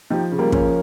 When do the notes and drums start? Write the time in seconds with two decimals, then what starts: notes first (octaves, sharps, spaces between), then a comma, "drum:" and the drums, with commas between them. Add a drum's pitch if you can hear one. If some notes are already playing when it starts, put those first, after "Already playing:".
0.10 F3 D#4 G4
0.31 C#3
0.38 G3 A#3
0.52 F3 A#3 C#4, drum: kick